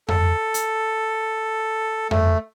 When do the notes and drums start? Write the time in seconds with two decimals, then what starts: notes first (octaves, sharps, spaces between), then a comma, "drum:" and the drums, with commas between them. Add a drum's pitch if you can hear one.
0.08 A4, drum: tom F2
0.54 drum: hi-hat
2.11 A3, drum: tom F2